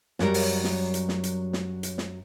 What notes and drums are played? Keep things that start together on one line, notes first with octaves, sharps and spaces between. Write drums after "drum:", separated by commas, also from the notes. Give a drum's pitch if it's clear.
F#2 F#3 G3 A#4, drum: snare
drum: open hi-hat
drum: snare
drum: hi-hat
drum: snare
drum: hi-hat
drum: snare
drum: hi-hat
drum: snare